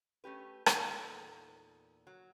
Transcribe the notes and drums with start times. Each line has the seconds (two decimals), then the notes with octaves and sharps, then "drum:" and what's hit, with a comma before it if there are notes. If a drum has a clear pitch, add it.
0.24 A3 C#4 G4 B4
0.66 E2 A#2 D#4 A4 F#5, drum: rim click
2.07 F#3